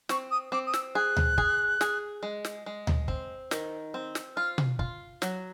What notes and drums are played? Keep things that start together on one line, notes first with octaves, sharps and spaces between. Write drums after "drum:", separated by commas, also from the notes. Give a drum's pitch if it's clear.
C4 C#6, drum: snare
D#6
C4 D6
D#6
E6, drum: snare
G#4 F#6
drum: tom D2
G#4, drum: kick
G#4, drum: snare
G#3
drum: snare
G#3
drum: tom D2
C4, drum: kick
D#3, drum: snare
C4
drum: snare
F4 F6
drum: tom B2
F4, drum: kick
F#3, drum: snare